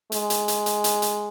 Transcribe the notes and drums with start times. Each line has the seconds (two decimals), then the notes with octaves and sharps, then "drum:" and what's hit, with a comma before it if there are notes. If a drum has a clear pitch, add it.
0.12 G#3, drum: hi-hat
0.30 drum: hi-hat
0.48 drum: hi-hat
0.66 drum: hi-hat
0.84 drum: hi-hat
1.02 drum: hi-hat